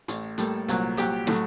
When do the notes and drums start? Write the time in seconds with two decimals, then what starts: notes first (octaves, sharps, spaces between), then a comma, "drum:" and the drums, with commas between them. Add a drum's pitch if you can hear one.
0.08 A1 A2 A3, drum: hi-hat
0.38 A2 G3 A#3 A4, drum: hi-hat
0.68 C2 A#2 F#3 A#3, drum: hi-hat
0.97 C2 A#2 F#3 G4, drum: hi-hat
1.27 A2 F#3 A3, drum: snare